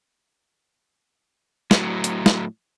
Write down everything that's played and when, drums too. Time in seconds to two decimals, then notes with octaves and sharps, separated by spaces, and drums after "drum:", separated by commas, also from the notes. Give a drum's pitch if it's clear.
1.71 A2 F#3, drum: snare
2.04 drum: hi-hat
2.26 drum: snare